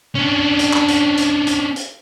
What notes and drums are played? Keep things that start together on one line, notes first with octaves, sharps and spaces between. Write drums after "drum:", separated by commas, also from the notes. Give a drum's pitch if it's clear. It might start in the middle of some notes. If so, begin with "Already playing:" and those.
C#4 D4
drum: hi-hat
drum: clap
drum: hi-hat
drum: hi-hat
drum: hi-hat
drum: hi-hat